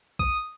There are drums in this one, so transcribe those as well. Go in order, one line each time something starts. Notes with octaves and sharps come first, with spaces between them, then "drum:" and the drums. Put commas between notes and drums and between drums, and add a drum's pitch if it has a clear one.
D#6, drum: kick